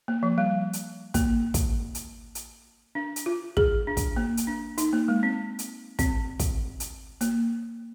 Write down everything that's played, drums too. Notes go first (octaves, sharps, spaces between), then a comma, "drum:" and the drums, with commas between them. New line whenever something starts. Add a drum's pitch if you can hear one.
A#3
F3
G3
drum: hi-hat
A#3, drum: kick, hi-hat
drum: kick, hi-hat
drum: hi-hat
drum: hi-hat
D4
drum: hi-hat
F4
G#4, drum: kick
D4
drum: kick, hi-hat
A#3
drum: hi-hat
D4
D#4, drum: hi-hat
A#3
G#3
C4
drum: hi-hat
C4, drum: kick, hi-hat
drum: kick, hi-hat
drum: hi-hat
A#3, drum: hi-hat